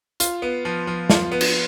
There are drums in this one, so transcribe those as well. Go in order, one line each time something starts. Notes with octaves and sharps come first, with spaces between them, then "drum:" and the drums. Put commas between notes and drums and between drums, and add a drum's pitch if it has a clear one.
F4, drum: hi-hat
B3
F3
F3
F4, drum: snare
B3
drum: cymbal